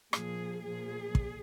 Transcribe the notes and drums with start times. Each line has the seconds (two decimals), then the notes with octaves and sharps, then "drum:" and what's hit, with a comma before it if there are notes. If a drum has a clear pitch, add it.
0.13 A#2 F3 G#4, drum: rim click
0.64 A#2 F3 G#4
1.15 drum: kick